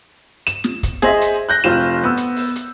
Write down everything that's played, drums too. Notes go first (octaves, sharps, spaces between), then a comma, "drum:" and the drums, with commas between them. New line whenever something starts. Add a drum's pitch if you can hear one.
E7, drum: hi-hat
drum: snare
drum: kick, hi-hat
G#4 C5 D#5 E5, drum: snare
drum: hi-hat
F#6 G6 A#6
F1 C4 F4 E7
B3 E6
drum: hi-hat
drum: open hi-hat
drum: hi-hat